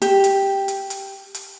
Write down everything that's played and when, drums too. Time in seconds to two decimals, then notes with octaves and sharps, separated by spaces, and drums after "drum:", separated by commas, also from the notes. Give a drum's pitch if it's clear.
0.02 G4, drum: hi-hat
0.24 drum: hi-hat
0.68 drum: hi-hat
0.90 drum: hi-hat
1.35 drum: hi-hat